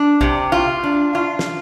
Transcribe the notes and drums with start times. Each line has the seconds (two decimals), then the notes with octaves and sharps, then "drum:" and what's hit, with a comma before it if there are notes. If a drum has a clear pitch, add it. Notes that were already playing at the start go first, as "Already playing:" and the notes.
Already playing: D4
0.21 C3, drum: kick
0.52 F4
0.84 D4
1.15 F4
1.39 drum: snare